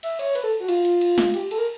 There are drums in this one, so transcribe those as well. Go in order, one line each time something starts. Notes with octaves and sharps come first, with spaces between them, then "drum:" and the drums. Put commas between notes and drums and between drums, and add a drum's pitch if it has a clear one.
E5, drum: cymbal
C#5, drum: cymbal
B4, drum: cymbal
A4
F#4
F4, drum: cymbal
drum: cymbal
drum: cymbal
drum: snare
G4, drum: cymbal
A4, drum: cymbal
A#4